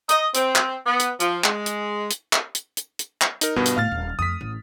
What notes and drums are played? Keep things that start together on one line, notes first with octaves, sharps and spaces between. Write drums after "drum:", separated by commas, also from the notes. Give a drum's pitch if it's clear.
D#5, drum: hi-hat
C4, drum: hi-hat
drum: clap
B3
drum: hi-hat
F3, drum: hi-hat
G#3, drum: clap
drum: hi-hat
drum: hi-hat
drum: clap
drum: hi-hat
drum: hi-hat
drum: hi-hat
drum: clap
D#4 A#4, drum: hi-hat
G2 B2 B3 F4
drum: hi-hat
A2 F5 F6 A6
D#1
F2 A3 D#6 B6
A1